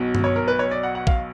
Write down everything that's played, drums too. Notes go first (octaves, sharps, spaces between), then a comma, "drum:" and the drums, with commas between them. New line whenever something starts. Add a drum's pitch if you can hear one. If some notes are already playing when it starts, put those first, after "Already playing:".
Already playing: B1 B2 F#3
drum: tom G2
C#5
A#4
B4
C#5
D5
F#5
F#5
F5, drum: kick A#1